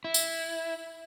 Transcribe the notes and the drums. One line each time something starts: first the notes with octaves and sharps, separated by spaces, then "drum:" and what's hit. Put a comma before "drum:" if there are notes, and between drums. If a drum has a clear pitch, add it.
E4
drum: tambourine